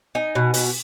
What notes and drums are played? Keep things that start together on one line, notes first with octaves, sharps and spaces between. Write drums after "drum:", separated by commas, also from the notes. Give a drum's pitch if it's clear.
D#4 G#5
B2
B2, drum: open hi-hat